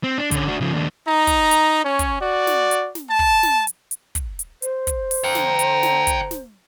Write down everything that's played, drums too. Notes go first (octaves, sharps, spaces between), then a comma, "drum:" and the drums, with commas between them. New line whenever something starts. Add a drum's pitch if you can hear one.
C4
D4
D3 C#4, drum: kick, hi-hat
D4 F#4
C#3 F3
D#2 D4
D#4 A#5
drum: kick, hi-hat
drum: hi-hat
C#4 C#5
drum: kick, hi-hat
F#4 D5
drum: snare
drum: hi-hat
drum: snare
A5
drum: kick
drum: snare
drum: hi-hat
drum: hi-hat
drum: kick, hi-hat
drum: hi-hat
C5, drum: hi-hat
drum: kick, hi-hat
drum: open hi-hat
D3 F5 G5 A#5
drum: snare
drum: hi-hat
drum: snare
drum: kick, hi-hat
drum: snare